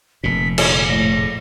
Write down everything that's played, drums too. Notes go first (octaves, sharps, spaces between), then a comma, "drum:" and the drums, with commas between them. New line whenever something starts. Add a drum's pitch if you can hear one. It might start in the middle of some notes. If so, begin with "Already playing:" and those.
F1 A#2 B6
A#1 D3 G#5, drum: cymbal
A2 A#6